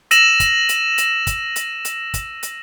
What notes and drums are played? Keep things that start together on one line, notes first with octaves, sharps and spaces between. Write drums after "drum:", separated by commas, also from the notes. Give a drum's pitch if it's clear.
E6 A#6 D#7 E7 F#7, drum: hi-hat
drum: kick, hi-hat
drum: hi-hat
drum: hi-hat
drum: kick, hi-hat
drum: hi-hat
drum: hi-hat
drum: kick, hi-hat
drum: hi-hat